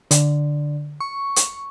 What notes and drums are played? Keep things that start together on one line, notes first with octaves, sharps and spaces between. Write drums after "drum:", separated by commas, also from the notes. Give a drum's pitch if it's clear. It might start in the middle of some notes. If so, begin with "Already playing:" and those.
D3, drum: hi-hat
C#6
drum: hi-hat